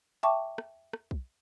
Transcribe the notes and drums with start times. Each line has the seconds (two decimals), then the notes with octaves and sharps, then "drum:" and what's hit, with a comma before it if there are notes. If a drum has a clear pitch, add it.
0.23 E5 G5 A5 C#6 D6
0.58 drum: rim click
0.93 drum: rim click
1.11 drum: kick B1